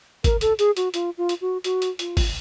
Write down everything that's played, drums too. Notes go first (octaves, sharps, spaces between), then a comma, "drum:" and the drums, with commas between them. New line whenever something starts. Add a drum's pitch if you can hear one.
A#4, drum: kick, hi-hat
A4, drum: hi-hat
G#4, drum: hi-hat
F#4, drum: hi-hat
F4, drum: hi-hat
F4
drum: hi-hat
F#4
F#4, drum: hi-hat
drum: hi-hat
F4, drum: hi-hat
drum: kick, open hi-hat